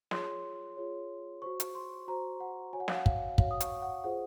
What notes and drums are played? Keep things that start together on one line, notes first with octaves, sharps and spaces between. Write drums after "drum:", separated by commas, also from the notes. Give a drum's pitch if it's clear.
F4 G#4 C#5 C6, drum: snare
F4 G#4 C#5
F#4 C5 C#6
drum: hi-hat
C6
F#4 C5 A#5
F#5
F#4 C#5 G#5
F#5
F5, drum: snare
F#5
F5, drum: kick
F#4 C#5 F5, drum: kick
D#6
C#6, drum: hi-hat
F#5
F4 G#4 C5 F#5